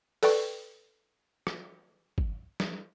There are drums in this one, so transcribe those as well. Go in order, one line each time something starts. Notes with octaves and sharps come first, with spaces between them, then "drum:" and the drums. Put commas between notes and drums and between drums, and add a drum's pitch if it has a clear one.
A4 B4 D5 G5 C#6, drum: open hi-hat
drum: rim click
drum: kick
drum: snare